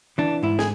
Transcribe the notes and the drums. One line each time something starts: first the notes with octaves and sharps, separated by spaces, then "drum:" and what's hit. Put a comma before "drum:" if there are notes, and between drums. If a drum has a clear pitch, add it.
E3 D4
G#2 E4
G#4, drum: snare